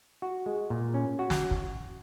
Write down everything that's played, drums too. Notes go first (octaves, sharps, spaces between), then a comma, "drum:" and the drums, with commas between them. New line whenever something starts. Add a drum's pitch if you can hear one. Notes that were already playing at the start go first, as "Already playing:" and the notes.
F#4
G#3
A#2
C#4
F#4
drum: snare
drum: kick